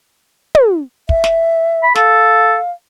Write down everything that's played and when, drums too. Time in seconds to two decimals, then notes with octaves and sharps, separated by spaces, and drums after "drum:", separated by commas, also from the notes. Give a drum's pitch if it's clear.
0.55 drum: tom
1.09 E5, drum: kick
1.24 drum: snare
1.83 B5
1.95 A4 F5, drum: snare